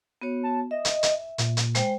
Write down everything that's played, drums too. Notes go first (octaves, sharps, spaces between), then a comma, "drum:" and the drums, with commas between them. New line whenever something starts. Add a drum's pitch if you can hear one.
B3 F#4 C#5
A5
D#5 E5
drum: hi-hat
drum: hi-hat
A#2, drum: hi-hat
drum: hi-hat
G#3 C5 G5, drum: hi-hat